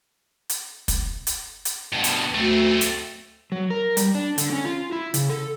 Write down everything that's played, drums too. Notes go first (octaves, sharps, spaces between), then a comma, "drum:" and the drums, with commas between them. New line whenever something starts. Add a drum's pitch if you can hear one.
drum: hi-hat
drum: kick, hi-hat
drum: hi-hat
drum: hi-hat
G2 B2
drum: hi-hat
D2 A3 C4
drum: hi-hat
F#3
A#4
G3, drum: hi-hat
D4
D3, drum: hi-hat
C#4
F4
E4
C#3, drum: hi-hat
A4